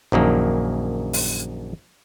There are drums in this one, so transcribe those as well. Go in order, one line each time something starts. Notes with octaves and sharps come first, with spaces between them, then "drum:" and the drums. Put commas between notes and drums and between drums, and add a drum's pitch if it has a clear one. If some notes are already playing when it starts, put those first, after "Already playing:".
A#1 F#2 D#3 A#3
drum: open hi-hat